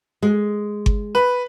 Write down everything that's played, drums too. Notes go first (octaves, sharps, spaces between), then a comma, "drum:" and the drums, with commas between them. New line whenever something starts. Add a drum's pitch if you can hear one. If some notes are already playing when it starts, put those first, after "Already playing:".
G#3
drum: kick G1
B4